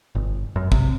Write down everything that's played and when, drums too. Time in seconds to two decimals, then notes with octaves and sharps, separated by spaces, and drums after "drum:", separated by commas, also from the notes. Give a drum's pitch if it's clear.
0.15 G1
0.56 F#2
0.72 C3, drum: kick